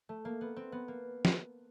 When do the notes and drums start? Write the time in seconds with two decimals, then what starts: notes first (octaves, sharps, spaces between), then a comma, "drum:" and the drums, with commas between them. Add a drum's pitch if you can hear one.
0.09 A3
0.25 A#3
0.41 B3
0.56 C4
0.72 B3
0.88 A#3
1.25 drum: snare